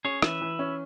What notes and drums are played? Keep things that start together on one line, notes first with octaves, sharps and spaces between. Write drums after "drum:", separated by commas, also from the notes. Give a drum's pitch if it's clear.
C#4 G#4 C#5
E3 B4 E5, drum: rim click
E3
C#4